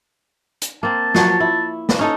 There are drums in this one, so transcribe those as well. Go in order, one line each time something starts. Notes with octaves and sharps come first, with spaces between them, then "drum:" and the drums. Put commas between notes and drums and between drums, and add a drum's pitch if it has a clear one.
drum: hi-hat
A#3 C4 A5
F3 F#3 C#5, drum: snare
E4
drum: snare
C#4 D#4 A4